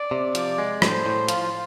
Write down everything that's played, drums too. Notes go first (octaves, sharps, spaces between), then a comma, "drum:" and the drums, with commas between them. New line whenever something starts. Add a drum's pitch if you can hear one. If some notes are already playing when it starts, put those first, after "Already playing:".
Already playing: D5
C3
F3 D5, drum: hi-hat
G#3
A2 C5, drum: rim click
A2
F3 F4, drum: hi-hat